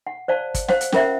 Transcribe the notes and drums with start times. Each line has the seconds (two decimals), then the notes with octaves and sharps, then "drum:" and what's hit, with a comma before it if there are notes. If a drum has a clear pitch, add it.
0.07 F#5
0.28 C5 D5 F5 A5
0.54 drum: kick, hi-hat
0.68 C5 F5 F#5, drum: snare
0.81 drum: hi-hat
0.92 C#4 F4 A#4 C5 E5 F#5, drum: snare